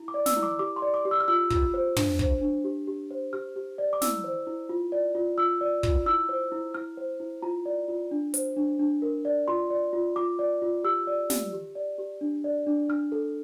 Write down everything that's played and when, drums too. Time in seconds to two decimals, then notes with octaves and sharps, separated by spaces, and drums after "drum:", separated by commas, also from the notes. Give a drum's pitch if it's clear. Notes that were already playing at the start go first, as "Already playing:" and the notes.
Already playing: E4
0.08 D6
0.14 D5
0.26 E6, drum: snare
0.37 E4
0.43 D6
0.59 G4 D6
0.76 C6
0.82 D5
0.94 D6
1.05 G4
1.11 E6
1.20 F6
1.28 F4 E6
1.50 F4, drum: kick
1.74 C5
1.97 D4, drum: tom
2.19 C5, drum: kick
2.41 D4
2.64 G4
2.87 G4
3.11 C5
3.33 G4 F6
3.56 G4
3.78 D5
3.93 D6
4.02 E4 E6, drum: snare
4.24 C5
4.47 E4
4.69 F4
4.92 D5
5.15 F4
5.38 F4 E6
5.61 D5
5.83 F4, drum: kick
6.06 E4 E6
6.29 C5
6.52 E4
6.74 E4 F6
6.97 C5
7.20 E4
7.42 F4 A#5
7.66 D5
7.88 F4
8.11 D4
8.34 C5, drum: hi-hat
8.57 D4
8.79 D4
9.02 A#4
9.25 D5
9.48 F4 C6
9.70 D5
9.93 F4
10.16 F4 D6
10.39 D5
10.62 F4
10.84 G4 E6
11.07 D5
11.30 G4, drum: snare
11.53 G4
11.75 D5
11.98 G4
12.21 D4
12.44 D5
12.67 D4
12.89 D4 F6
13.12 A4